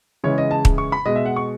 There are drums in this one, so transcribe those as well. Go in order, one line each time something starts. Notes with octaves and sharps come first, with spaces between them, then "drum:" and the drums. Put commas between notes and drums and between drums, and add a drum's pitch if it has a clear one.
C#3 E3 G#3 C#5
D#5
A5
drum: kick
C#6
B5
B2 G#3 D#5
E5
F#5
C#6